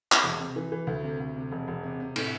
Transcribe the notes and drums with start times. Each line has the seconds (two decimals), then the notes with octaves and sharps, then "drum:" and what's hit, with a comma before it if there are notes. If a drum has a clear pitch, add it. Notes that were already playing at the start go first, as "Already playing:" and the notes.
0.12 drum: clap
0.24 E1
0.40 C3
0.56 E3
0.72 E3
0.87 D2
1.03 C3
1.20 D2
1.36 C3
1.52 E1
1.68 E1
1.83 C3
2.00 C3
2.16 A2, drum: cymbal